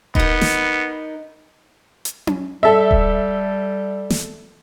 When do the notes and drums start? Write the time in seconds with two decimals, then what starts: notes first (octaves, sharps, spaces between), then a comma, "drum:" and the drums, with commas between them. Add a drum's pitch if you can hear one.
0.15 B3 D#4 A#4, drum: kick D#1
0.41 drum: snare
2.05 drum: hi-hat
2.27 drum: tom C#4
2.63 G3 A4 E5
2.91 drum: kick D#1
4.10 drum: snare